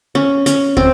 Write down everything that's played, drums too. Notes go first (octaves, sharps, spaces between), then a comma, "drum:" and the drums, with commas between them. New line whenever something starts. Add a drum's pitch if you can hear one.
C#4
C#4, drum: hi-hat
C4, drum: kick